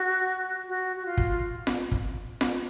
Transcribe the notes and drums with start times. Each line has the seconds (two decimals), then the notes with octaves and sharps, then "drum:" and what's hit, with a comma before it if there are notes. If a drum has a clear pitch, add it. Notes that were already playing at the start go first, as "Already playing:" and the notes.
Already playing: F#4
0.69 F#4
0.96 F#4
1.06 F4
1.17 drum: kick
1.67 drum: snare F4
1.91 drum: kick
2.41 drum: snare F4